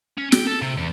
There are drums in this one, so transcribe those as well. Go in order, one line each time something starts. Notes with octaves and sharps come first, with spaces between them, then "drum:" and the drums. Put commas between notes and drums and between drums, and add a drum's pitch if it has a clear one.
C#4
G5, drum: snare
A4
C3
E2